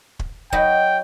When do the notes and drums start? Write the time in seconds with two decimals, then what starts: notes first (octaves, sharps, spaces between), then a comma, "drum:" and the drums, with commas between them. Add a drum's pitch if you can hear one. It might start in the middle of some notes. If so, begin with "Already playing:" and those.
0.19 drum: kick
0.52 F#3 D#4 B4 G5, drum: kick